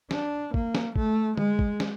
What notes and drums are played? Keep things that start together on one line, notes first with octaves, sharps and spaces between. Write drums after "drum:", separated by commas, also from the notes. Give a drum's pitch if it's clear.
D4, drum: snare
A#3, drum: kick
drum: snare
A3, drum: kick
G#3, drum: tom D3
drum: kick
drum: snare